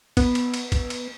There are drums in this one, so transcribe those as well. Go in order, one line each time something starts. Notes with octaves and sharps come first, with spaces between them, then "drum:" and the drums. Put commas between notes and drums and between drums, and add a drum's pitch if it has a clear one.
B3, drum: kick, cymbal
drum: cymbal
drum: cymbal
drum: kick, cymbal
drum: cymbal